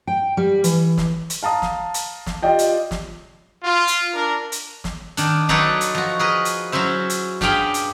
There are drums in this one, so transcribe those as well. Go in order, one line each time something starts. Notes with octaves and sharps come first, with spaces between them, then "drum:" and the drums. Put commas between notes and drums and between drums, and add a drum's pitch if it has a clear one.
G5
G3
E3, drum: hi-hat
drum: snare
drum: hi-hat
F5 A5 A#5 D#6
drum: snare
drum: hi-hat
drum: snare
F4 G4 D5 D#5 G5
drum: hi-hat
drum: snare
F4
drum: hi-hat
D4 A#4
drum: hi-hat
drum: snare
D#3 D4, drum: hi-hat
F#3 D#4 A4 B4 C#5 D5, drum: snare
drum: hi-hat
F3 F#4
G#4 A#4 B4 D#5
drum: hi-hat
F#3 C#4 E4 C5 E5
drum: hi-hat
G2 G4 G#4 F5 G5 B5, drum: snare
drum: hi-hat